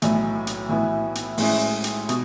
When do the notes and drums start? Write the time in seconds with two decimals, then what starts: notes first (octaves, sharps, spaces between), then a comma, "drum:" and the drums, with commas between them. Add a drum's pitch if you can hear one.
0.02 B1 A2 E3, drum: hi-hat
0.47 drum: hi-hat
0.69 A2 E3 B3 E4
1.15 drum: hi-hat
1.38 A2 G#3 C#4 E4, drum: open hi-hat
1.84 drum: hi-hat
2.09 B2, drum: hi-hat